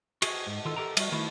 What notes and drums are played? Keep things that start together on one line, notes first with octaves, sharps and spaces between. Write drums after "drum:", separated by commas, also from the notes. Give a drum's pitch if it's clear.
F#4 G#4, drum: cymbal
G#2
D#3 F4 A4
G4 A4 A#4 A#5
G3 F#4, drum: cymbal
D#3 A3 E4 F#4